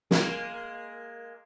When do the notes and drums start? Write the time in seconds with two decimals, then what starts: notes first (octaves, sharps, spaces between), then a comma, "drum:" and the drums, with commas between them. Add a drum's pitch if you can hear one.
0.11 G#3 A#3, drum: snare